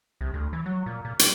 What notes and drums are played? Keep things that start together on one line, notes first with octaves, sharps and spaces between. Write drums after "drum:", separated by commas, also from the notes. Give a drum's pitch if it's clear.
C2
D2
E3
F#3
A#2
A#2
G3, drum: hi-hat